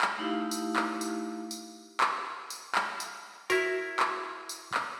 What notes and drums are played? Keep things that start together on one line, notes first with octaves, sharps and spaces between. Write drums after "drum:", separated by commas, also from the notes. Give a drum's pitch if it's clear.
drum: clap
A3 D#4 E4 G4 F5
drum: tambourine
drum: clap
drum: tambourine
drum: tambourine
drum: clap
drum: tambourine
drum: clap
drum: tambourine
E4 F#4 A#4, drum: tambourine
drum: clap
drum: tambourine
drum: clap